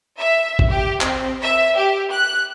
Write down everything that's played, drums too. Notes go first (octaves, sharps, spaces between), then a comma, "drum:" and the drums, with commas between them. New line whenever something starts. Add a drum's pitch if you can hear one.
E5
drum: kick G#1
G4
C4, drum: clap
E5
G4
F#6